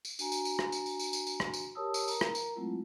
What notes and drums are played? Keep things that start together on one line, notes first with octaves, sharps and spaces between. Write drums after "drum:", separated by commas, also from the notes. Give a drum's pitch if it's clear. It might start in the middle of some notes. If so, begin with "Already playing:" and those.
drum: tambourine
D4 F#4 G#5 A#5, drum: tambourine
drum: tambourine
drum: tambourine
drum: rim click
drum: tambourine
drum: tambourine
drum: tambourine
drum: tambourine
drum: tambourine
drum: rim click
drum: tambourine
G4 A#4 C#5 A5 D#6 E6
drum: tambourine
A#4 A#5, drum: tambourine
drum: rim click
drum: tambourine
F#3 G#3 A3 C4 E4 F4